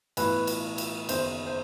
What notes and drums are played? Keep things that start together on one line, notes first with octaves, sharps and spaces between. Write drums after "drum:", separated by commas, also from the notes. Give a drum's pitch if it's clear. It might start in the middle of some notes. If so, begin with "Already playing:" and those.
B1 A2 E3 B4, drum: cymbal
drum: cymbal
drum: cymbal
F#1 E2 D#3 C5, drum: cymbal
C5